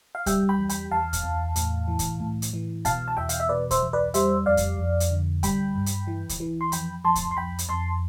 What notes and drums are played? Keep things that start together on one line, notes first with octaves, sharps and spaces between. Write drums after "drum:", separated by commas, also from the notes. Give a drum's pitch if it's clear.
F5
G3 E5 G5, drum: kick C#2, hi-hat
G5 B5
E2
G5 B5, drum: hi-hat
E2 F5 A5
drum: kick C#2, hi-hat
E2
A2, drum: hi-hat
E3
drum: kick C#2, hi-hat
A2
drum: hi-hat
E3
B2 F5 A5, drum: kick C#2, hi-hat
A5
E2 E5 G5
F5, drum: hi-hat
E5
B2 B4 D5
C5 E5, drum: kick C#2, hi-hat
E2
B4 D5
G3 C5 E5, drum: hi-hat
F2 D5 F5
drum: kick C#2, hi-hat
F2
drum: hi-hat
D3
G3 G5 B5, drum: kick C#2, hi-hat
G2
drum: hi-hat
E3
drum: kick C#2, hi-hat
E3
C6
F2 G5 B5, drum: hi-hat
F2 A5 C6
drum: kick C#2, hi-hat
C6
F2 G5 B5
drum: hi-hat
F2 A5 C6